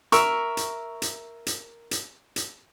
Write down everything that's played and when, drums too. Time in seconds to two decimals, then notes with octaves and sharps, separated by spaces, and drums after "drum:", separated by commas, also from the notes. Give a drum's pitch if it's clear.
0.12 A#4 E5 C#6 E6, drum: hi-hat
0.57 drum: hi-hat
1.02 drum: hi-hat
1.46 drum: hi-hat
1.91 drum: hi-hat
2.36 drum: hi-hat